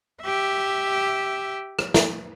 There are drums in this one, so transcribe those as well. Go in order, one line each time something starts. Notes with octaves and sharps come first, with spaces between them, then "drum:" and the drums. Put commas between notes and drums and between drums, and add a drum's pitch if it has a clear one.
G4 E5
drum: rim click
drum: snare